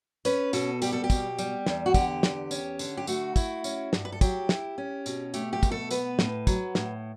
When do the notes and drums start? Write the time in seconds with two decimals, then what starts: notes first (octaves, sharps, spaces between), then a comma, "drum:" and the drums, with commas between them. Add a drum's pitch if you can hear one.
0.25 C#4 B4, drum: tambourine
0.53 B2 A4, drum: tambourine
0.82 G3 G4, drum: tambourine
0.92 A4
1.04 G4
1.10 B2, drum: kick, tambourine
1.39 G3, drum: tambourine
1.66 E2, drum: snare
1.86 F#4
1.94 D3 G4, drum: kick, tambourine
2.23 E2, drum: snare
2.51 C#4, drum: tambourine
2.79 D3, drum: tambourine
2.97 G4
3.07 A3 F#4, drum: tambourine
3.36 E4, drum: kick, tambourine
3.64 C#4, drum: tambourine
3.93 G2, drum: snare
4.05 B4
4.12 A4
4.21 F#3 G4, drum: kick, tambourine
4.49 E4, drum: snare
4.78 C#4
5.06 B2, drum: tambourine
5.34 A3 G4, drum: tambourine
5.53 G4
5.63 B2, drum: kick, tambourine
5.71 A4
5.91 B3 B4, drum: tambourine
6.19 A2, drum: snare
6.47 F#3, drum: kick, tambourine
6.75 A2, drum: snare